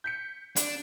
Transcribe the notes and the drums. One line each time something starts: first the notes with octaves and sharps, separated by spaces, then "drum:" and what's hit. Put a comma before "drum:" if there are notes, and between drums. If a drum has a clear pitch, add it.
G6 B6 C#7
D4, drum: hi-hat